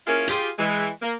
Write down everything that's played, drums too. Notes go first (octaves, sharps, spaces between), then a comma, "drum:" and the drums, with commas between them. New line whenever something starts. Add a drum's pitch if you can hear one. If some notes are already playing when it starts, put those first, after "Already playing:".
A#3 C#4 E4 F4 G#4 A#4
F4 G4 G#4, drum: hi-hat
E3 G#3
A#3